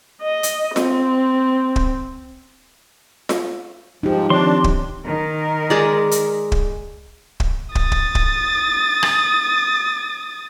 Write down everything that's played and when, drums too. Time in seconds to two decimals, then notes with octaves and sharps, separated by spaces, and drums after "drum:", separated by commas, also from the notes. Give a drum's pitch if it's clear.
0.22 D#5
0.43 drum: hi-hat
0.76 C4, drum: snare F4
1.76 drum: kick
3.29 drum: snare F4
4.03 G#2 F3 D#4 G4
4.30 D#3 F3 C4 D4 C#5 C6
4.64 drum: kick
5.06 D#3 A#4
5.70 G#3 D5
6.11 drum: hi-hat
6.52 drum: kick
7.40 drum: kick
7.75 D#6 A6, drum: kick
7.92 drum: kick
8.15 drum: kick
9.03 drum: rim click